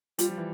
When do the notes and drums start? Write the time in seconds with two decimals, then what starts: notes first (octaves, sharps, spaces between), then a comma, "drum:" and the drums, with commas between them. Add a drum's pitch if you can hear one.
0.19 G3 F4, drum: hi-hat
0.29 F3
0.38 E3